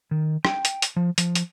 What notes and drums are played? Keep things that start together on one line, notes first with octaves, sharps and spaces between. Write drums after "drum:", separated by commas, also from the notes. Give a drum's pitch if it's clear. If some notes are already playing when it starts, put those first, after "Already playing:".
D#3
G5, drum: rim click
drum: hi-hat
drum: hi-hat
F3
F3, drum: hi-hat
drum: hi-hat